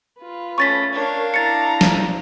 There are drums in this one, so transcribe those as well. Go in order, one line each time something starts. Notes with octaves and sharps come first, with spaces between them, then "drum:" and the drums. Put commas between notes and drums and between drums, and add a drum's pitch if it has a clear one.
F4 B4
A3 C#4 C#6 A6 B6
D4 A#4 C#5 F5
E4 A#5 A6 C#7
drum: snare